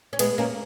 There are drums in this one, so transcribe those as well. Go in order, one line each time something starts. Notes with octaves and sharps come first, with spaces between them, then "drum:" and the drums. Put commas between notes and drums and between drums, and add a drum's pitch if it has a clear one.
C#4
G#3 B3, drum: cymbal
A#3 C#4